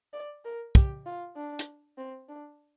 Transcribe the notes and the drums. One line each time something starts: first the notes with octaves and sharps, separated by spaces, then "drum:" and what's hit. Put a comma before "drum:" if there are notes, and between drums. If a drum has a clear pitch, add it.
D5
A#4
G4, drum: kick
F4
D4
drum: hi-hat
C4
D4